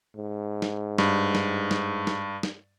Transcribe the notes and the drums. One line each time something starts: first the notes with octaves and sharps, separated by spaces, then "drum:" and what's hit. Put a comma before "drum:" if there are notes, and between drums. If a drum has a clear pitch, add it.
G#2
drum: snare
G2, drum: snare
drum: snare
drum: snare
drum: snare
drum: snare